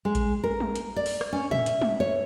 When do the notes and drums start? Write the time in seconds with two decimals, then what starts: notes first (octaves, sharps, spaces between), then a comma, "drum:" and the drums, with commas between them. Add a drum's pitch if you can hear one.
0.05 G#3
0.15 drum: kick A#1, hi-hat
0.44 A#4
0.60 drum: tom
0.75 drum: hi-hat
0.96 D5
1.06 drum: open hi-hat
1.21 drum: rim click
1.33 C#4
1.51 E5, drum: tom
1.66 drum: hi-hat
1.81 drum: tom
2.00 C#5